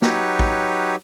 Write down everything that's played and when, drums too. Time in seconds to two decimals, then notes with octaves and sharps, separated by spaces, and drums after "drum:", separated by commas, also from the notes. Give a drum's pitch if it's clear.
0.02 F#3 D#4 F#4 G4 B4 C#5, drum: snare
0.39 drum: kick